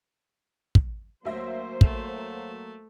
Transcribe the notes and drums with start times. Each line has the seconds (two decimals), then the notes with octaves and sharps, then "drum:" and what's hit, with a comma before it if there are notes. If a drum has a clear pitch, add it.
0.75 drum: kick
1.25 D2 F#3 A#3 C5 E5 A#6
1.81 A3, drum: kick